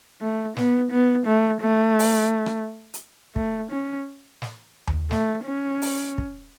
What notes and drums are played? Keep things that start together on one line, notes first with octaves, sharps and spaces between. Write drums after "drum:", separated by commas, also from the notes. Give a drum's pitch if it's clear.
A3
B3, drum: snare
B3
A3
A3
drum: open hi-hat
drum: rim click
drum: hi-hat
A3, drum: kick
C#4
drum: snare
drum: tom D#2
A3, drum: snare
C#4
drum: open hi-hat
drum: kick